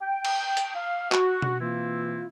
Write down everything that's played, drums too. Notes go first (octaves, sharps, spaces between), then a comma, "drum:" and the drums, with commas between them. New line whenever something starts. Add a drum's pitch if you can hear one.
G5
drum: cymbal
drum: hi-hat
F5
F#4, drum: clap
drum: tom B2
B2 E3 A#3 C4 E4 F4